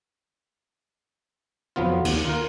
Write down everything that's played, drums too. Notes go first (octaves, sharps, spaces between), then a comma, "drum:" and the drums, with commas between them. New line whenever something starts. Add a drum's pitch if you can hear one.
F2 F3 F#3 B3 F4
D#2, drum: cymbal
F4 A#4